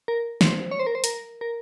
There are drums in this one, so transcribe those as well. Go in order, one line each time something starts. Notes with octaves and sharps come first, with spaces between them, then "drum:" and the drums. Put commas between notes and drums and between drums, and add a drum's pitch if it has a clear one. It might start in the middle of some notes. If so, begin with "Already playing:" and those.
A#4
C5, drum: snare
C#5
C5
A#4
C5
A#4, drum: hi-hat
A#4